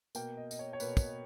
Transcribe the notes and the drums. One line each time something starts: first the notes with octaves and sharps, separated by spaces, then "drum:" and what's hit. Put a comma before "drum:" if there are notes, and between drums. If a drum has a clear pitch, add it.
B2 A#3 G5, drum: tambourine
D#5
D#5, drum: tambourine
C#5
C#5
B2 A#3 B4, drum: tambourine
drum: kick, tambourine